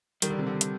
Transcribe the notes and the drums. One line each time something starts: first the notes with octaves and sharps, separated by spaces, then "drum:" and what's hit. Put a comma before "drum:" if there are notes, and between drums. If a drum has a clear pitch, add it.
D#3 G3, drum: hi-hat
D3
C3
D3
drum: hi-hat